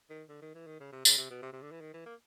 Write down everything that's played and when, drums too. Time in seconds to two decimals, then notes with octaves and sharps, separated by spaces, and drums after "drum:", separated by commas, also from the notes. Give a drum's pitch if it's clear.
0.10 D#3
0.29 D3
0.42 D#3
0.55 E3
0.67 D#3
0.80 C#3
0.93 C3
1.05 C#3, drum: tambourine
1.18 C3
1.30 B2
1.43 C3
1.53 C3
1.62 D3
1.72 E3
1.81 D#3
1.94 E3
2.06 A#3